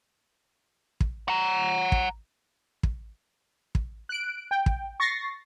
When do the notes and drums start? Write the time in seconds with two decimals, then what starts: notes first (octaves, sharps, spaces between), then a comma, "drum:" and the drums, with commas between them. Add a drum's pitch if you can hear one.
1.01 drum: kick
1.28 F#5 A#5
1.92 drum: kick
2.83 drum: kick
3.75 drum: kick
4.09 F#6 D7
4.51 G5
4.66 drum: kick
5.00 C#6 A6 A#6 C7